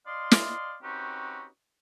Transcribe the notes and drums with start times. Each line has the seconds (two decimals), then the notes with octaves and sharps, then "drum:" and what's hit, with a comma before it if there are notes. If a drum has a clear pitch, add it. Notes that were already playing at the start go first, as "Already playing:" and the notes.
0.06 D5 D#5 F5 C6
0.31 drum: snare
0.82 C4 C#4 D#4 F#4 G4 B4